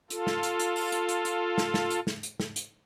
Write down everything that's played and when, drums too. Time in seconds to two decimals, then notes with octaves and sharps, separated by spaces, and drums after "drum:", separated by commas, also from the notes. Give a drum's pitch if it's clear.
0.10 F4 A4, drum: hi-hat
0.27 drum: snare
0.43 drum: hi-hat
0.59 drum: hi-hat
0.76 drum: open hi-hat
0.92 drum: hi-hat
1.09 drum: hi-hat
1.25 drum: hi-hat
1.58 drum: snare
1.74 drum: snare
1.90 drum: hi-hat
2.07 drum: snare
2.23 drum: hi-hat
2.40 drum: snare
2.56 drum: hi-hat